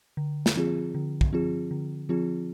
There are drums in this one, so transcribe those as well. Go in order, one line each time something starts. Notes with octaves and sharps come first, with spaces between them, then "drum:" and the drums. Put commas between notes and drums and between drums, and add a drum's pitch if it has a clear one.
D3
drum: snare
F3 C4 F4 G#4
D3
drum: kick
F3 C4 F4 G#4
D3
F3 C4 F4 G#4